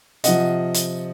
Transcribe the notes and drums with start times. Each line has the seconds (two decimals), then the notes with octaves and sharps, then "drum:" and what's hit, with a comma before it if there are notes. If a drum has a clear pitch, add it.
0.24 C3 F3 D#5 F#5, drum: hi-hat
0.74 drum: hi-hat